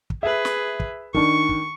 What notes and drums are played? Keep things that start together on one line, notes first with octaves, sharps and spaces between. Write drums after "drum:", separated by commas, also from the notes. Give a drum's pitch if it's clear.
drum: kick
G#4 B4 E5
drum: snare
drum: kick
D#3 D4 C#6, drum: kick
drum: kick